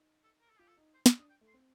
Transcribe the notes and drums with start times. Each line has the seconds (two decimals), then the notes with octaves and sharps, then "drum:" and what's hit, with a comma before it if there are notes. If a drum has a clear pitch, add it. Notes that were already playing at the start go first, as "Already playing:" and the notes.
Already playing: D#4
0.24 A4
0.41 A#4
0.50 A4
0.58 F4 G4
0.67 A4
0.77 D#4
0.94 C5
1.06 D4 D5, drum: snare
1.18 D4 D#5
1.30 G5
1.41 A3
1.47 C6
1.54 C4